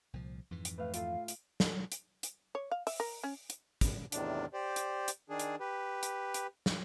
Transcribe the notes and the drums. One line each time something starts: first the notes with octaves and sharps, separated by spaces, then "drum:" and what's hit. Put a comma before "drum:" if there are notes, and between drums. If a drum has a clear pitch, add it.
C2 A#2 F3
F2 G#2 E3
drum: hi-hat
A2 B4 F5
F4 A4 F5, drum: hi-hat
drum: hi-hat
drum: snare
drum: hi-hat
drum: hi-hat
C#5
F5
E5, drum: open hi-hat
A#4
C#4
drum: hi-hat
drum: kick, hi-hat
E2 A2 C3 D#3 D4, drum: hi-hat
G4 C5 D5
drum: hi-hat
drum: hi-hat
D#3 D4 G#4
drum: hi-hat
G4 B4
drum: hi-hat
drum: hi-hat
drum: snare